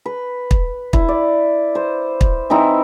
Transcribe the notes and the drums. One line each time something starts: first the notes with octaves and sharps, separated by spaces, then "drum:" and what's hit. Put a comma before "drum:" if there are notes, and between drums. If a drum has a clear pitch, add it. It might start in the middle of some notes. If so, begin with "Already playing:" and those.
B4
drum: kick
E4, drum: kick
D5
C5
drum: kick
E3 C4 D#4 E4